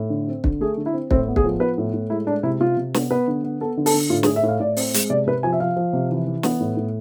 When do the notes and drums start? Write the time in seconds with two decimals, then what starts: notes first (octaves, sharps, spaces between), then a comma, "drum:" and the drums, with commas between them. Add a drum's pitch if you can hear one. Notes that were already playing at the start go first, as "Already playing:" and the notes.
Already playing: A2
0.10 D3
0.28 C4
0.44 D3, drum: kick
0.61 A3 G#4
0.77 D3
0.86 E4
0.93 C4
1.11 A2 C4, drum: kick
1.28 B3
1.36 G#4, drum: kick
1.45 F3
1.60 B3 B4
1.78 A2
1.94 A2
2.10 G#3 E4
2.27 G#3 D4
2.43 C3 E4
2.60 C3 F4
2.77 C3
2.94 B3, drum: snare
3.11 B3 B4
3.28 D3
3.44 B3
3.61 B3 A4
3.77 D3
3.86 A4, drum: open hi-hat
3.94 D3
4.10 A2 F4
4.23 G#4, drum: snare
4.28 A2
4.36 E5
4.43 A2
4.49 F5
4.60 A2 D5
4.77 C4, drum: open hi-hat
4.94 G#3, drum: hi-hat
5.10 C3 D5
5.27 C3 B4
5.43 F3 G#5
5.53 E5
5.60 F3 F5
5.77 F3
5.93 C3
6.11 E3
6.26 E3
6.43 B3, drum: snare
6.60 A2
6.77 A2